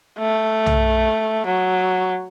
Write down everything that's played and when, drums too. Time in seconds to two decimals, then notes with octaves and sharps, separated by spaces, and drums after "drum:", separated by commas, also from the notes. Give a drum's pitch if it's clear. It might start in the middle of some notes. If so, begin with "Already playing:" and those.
0.19 A3
0.66 drum: tom
1.46 F#3